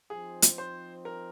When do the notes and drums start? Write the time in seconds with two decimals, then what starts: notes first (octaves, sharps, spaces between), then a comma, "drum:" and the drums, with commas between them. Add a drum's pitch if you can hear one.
0.10 F3 C4 D#4 G#4
0.42 drum: hi-hat
0.58 C5
1.05 A#4